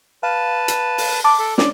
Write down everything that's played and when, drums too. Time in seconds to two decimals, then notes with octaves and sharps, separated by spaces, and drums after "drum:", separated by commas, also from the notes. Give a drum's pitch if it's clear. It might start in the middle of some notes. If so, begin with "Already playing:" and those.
0.23 B4 F5 A5
0.68 drum: hi-hat
0.98 drum: open hi-hat
1.24 A5 D6
1.39 A4
1.58 C#4 D4 D5, drum: snare